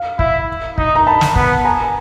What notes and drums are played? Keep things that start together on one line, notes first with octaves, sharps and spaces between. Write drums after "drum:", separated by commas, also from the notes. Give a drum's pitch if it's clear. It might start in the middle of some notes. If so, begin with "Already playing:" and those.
Already playing: F5
E4, drum: kick
D#4, drum: kick
A#5
A5 B5
drum: snare
B3, drum: kick
G#5 A#5